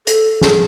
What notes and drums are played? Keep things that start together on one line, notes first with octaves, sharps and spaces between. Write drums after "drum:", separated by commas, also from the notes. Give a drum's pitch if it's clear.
A4, drum: hi-hat
G#4, drum: snare